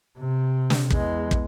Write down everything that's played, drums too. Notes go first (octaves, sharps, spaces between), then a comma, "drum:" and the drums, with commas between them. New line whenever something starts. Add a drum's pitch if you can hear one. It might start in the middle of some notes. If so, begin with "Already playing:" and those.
C3
drum: snare
E2 G#3, drum: kick
drum: kick